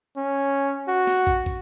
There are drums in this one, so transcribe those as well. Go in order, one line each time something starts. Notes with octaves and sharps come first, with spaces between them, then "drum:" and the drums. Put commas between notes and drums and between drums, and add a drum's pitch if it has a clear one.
C#4
F#4
drum: snare
drum: kick
drum: kick